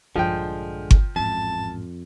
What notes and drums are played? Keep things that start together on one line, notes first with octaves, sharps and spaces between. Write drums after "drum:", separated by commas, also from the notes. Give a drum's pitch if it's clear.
A#1 G2 D3 F3 G#3 G5
drum: kick G1
A1 F2 G#2 A5